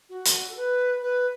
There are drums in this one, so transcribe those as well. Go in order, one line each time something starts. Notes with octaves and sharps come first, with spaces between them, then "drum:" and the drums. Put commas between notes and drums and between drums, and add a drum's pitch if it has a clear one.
F#4
drum: hi-hat
A4
B4
B4